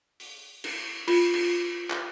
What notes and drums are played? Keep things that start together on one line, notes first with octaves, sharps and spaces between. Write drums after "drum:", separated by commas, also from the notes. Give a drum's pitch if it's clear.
drum: open hi-hat
drum: cymbal
F4, drum: cymbal
drum: cymbal
drum: clap